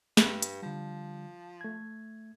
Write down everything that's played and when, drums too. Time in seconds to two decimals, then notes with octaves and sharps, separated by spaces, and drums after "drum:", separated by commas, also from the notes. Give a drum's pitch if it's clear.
0.17 G2, drum: snare
0.42 drum: hi-hat
0.62 D3 F3 G3
1.61 A3 G#6